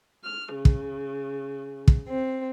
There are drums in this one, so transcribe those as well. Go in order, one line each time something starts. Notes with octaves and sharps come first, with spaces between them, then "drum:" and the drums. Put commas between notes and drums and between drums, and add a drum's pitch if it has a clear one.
F6
C#3
drum: kick
drum: kick
C4